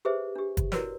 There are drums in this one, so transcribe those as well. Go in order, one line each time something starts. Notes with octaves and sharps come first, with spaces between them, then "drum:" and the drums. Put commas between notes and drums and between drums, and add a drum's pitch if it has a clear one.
G4 G#4 B4 C5 E5
D4 G4
drum: kick, hi-hat
E4 F#4 A#4 B4 C#5 D5, drum: snare